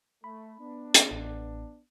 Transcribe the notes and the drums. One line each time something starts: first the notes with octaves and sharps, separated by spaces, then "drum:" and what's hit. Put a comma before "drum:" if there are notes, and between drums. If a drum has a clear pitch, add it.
A3 B5
B3 D4
drum: hi-hat
A1